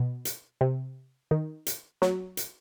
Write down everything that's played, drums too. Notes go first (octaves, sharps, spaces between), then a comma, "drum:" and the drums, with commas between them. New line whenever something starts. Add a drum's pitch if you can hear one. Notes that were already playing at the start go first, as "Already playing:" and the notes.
Already playing: B2
drum: hi-hat
C3
D#3
drum: hi-hat
F#3, drum: snare
drum: hi-hat